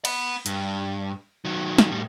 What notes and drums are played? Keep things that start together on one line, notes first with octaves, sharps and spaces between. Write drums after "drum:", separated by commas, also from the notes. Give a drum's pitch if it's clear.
F#5 B5, drum: cymbal
G2, drum: hi-hat
D#3 F#3
drum: snare
A2 G3